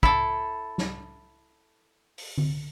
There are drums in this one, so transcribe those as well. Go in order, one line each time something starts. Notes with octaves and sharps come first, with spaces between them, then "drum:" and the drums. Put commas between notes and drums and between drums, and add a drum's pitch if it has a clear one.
E4 A4, drum: kick
drum: snare
drum: open hi-hat
drum: tom D3